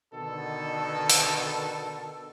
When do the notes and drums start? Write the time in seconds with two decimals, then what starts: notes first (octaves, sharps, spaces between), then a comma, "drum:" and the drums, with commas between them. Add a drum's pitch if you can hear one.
0.14 B2 D3 D#3 A4
1.10 drum: open hi-hat